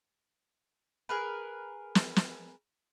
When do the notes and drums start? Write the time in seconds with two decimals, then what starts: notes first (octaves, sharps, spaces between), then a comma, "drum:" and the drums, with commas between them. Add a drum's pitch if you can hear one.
1.09 G#4 A#4 B4
1.95 drum: snare
2.16 drum: snare